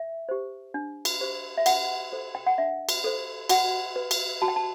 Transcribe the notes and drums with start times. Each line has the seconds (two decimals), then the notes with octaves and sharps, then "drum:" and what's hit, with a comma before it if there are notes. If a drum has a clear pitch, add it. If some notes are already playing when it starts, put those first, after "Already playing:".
Already playing: E5
0.29 G4 C5
0.74 D4
1.05 drum: cymbal
1.21 G4 C5
1.58 E5
1.66 D4 F#5, drum: cymbal
2.13 A4 C5
2.35 G5
2.47 F#5
2.58 D4 E5
2.89 drum: cymbal
3.04 A4 C5
3.49 F#4 F#5, drum: cymbal
3.96 B4
4.11 drum: cymbal
4.42 F#4 A5
4.48 G5
4.56 A5